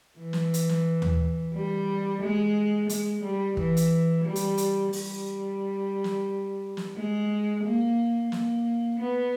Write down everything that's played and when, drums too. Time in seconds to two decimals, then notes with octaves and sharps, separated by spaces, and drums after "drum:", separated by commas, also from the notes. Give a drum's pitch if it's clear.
0.18 E3
0.33 drum: snare
0.54 drum: hi-hat
0.69 drum: snare
1.02 drum: tom D#2
1.54 G3
2.22 G#3
2.89 G#3, drum: hi-hat
3.23 G3
3.57 E3, drum: kick
3.77 drum: hi-hat
4.25 G3
4.36 drum: hi-hat
4.57 drum: hi-hat
4.93 G3, drum: open hi-hat
6.04 drum: snare
6.77 drum: snare
6.96 G#3
7.64 A#3
8.32 A#3, drum: snare
8.99 B3